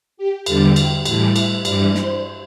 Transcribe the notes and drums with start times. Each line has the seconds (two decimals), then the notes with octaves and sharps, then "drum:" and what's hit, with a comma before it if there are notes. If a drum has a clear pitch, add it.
0.17 G4
0.46 E2 D3 G3 A4, drum: cymbal
0.76 G5, drum: cymbal
1.05 A2 E3 G3 A5, drum: cymbal
1.36 E5, drum: cymbal
1.65 G2 E3 G3 D5, drum: cymbal
1.95 C5, drum: snare